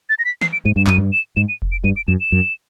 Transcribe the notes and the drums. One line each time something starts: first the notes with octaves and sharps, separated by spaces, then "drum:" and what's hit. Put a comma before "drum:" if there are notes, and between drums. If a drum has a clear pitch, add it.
A6
A#6
B6
C7, drum: snare
D7
G#2 D#7
G2 E7
F#2 D#7, drum: clap
G2
E7
G#2 E7
D#7
drum: kick F1
D7
G2 D#7
D7
F#2 E7
E7
F#2